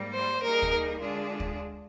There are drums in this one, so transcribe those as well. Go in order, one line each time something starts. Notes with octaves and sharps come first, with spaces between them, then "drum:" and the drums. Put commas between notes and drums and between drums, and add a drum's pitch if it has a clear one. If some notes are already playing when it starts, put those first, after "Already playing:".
Already playing: G#2 G3 A#3
C5
G3 A#3 D#4 G#4 A#4
drum: kick
D3 G#3 D4 F4 G#4
drum: kick